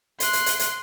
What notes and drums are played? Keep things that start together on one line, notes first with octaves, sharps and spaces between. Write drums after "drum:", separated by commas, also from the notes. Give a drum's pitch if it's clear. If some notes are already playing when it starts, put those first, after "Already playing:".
C6 F#6, drum: hi-hat
drum: hi-hat
drum: hi-hat
drum: hi-hat